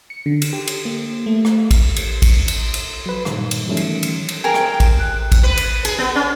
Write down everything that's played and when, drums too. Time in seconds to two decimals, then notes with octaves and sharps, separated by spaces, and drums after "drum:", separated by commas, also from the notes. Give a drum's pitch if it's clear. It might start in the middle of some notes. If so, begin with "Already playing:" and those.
0.10 C#7
0.26 D3
0.42 drum: cymbal
0.53 G4
0.67 drum: cymbal
0.85 A#3
1.26 A3
1.45 drum: rim click
1.71 drum: kick A1, cymbal
1.96 drum: cymbal
2.22 drum: kick A1, cymbal
2.48 drum: cymbal
2.74 drum: cymbal
3.06 F#3 B4
3.25 G2 A#2 D#3 G3, drum: rim click
3.51 drum: cymbal
3.66 D#3 E3 F#3 G3 A3 C#4
3.77 drum: cymbal
4.03 drum: cymbal
4.28 drum: cymbal
4.44 G#4 A#4 G5
4.54 drum: rim click
4.80 drum: kick A1, cymbal
4.99 F#6
5.32 drum: kick A1, cymbal
5.43 B4
5.57 drum: cymbal
5.85 G#4, drum: cymbal
5.98 B3
6.15 C#4